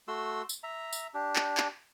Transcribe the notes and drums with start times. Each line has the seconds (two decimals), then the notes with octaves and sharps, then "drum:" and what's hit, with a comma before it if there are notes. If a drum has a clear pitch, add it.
0.08 A3 F#4 C6 E6
0.49 drum: tambourine
0.63 E5 A#5
0.93 drum: tambourine
1.14 D4 G4
1.36 drum: clap
1.57 drum: clap